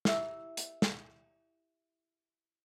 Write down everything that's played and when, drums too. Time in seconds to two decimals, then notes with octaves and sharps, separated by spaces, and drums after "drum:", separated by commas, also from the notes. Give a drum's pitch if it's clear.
0.05 E4 G4 E5 E6, drum: snare
0.57 drum: hi-hat
0.82 drum: snare